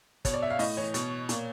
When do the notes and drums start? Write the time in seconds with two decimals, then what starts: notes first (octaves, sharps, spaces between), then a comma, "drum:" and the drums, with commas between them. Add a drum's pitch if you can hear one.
0.25 B2 C#5, drum: kick, hi-hat
0.34 D5
0.42 E5
0.50 F5
0.59 A2 D#5, drum: open hi-hat
0.77 E3 C#5
0.94 B2, drum: hi-hat
1.29 A#2, drum: hi-hat